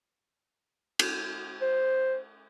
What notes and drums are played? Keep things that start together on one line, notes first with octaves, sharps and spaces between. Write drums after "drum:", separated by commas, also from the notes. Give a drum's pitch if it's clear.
drum: cymbal
C5